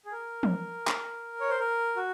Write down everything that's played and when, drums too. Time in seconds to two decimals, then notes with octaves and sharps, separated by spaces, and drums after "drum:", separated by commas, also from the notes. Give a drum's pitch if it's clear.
0.05 G#4
0.12 A#4
0.43 drum: tom
0.87 drum: clap
1.40 C#5
1.49 C5
1.59 A#4
1.96 F#4